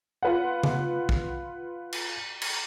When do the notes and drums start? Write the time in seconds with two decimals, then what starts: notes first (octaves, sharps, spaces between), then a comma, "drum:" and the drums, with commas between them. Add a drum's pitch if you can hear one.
0.23 F4 B4 F#5
0.63 drum: tom C#3
1.09 drum: kick
1.93 drum: cymbal
2.42 drum: cymbal